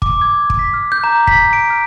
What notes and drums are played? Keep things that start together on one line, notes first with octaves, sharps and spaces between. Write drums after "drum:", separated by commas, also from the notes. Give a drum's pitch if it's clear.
D6, drum: kick
G#6
drum: kick
B6
F6
G6
A#5
B6, drum: kick
D7
F6